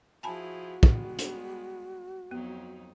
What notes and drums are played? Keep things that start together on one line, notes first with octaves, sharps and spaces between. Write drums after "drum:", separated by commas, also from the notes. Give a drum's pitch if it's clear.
F3 E4 F#4 G#4 G#5 A5 B5
G3 G#3 B3, drum: kick
drum: hi-hat
F2 F#3 B3 D#4